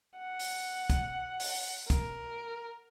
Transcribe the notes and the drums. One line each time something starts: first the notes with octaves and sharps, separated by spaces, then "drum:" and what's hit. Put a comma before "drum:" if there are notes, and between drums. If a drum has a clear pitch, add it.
F#5
drum: open hi-hat
drum: kick, hi-hat
drum: open hi-hat
A#4, drum: kick, hi-hat